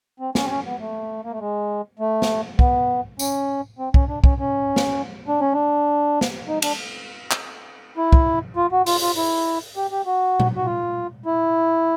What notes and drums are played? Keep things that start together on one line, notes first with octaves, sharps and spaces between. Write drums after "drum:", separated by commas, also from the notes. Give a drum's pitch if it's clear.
C4
C#4, drum: snare
C4
C#4
B3
A3
A#3
A3
G#3
A3
drum: snare
B3, drum: kick
C#4, drum: tambourine
C4
C#4, drum: kick
D4
C#4, drum: kick
C#4
drum: snare
D4
C#4
D4
drum: snare
D#4
D4, drum: cymbal
drum: clap
E4
drum: kick
F4
F#4
F4, drum: open hi-hat
F4
E4
G4
G4
F#4
drum: tom A#2
F#4
F4
E4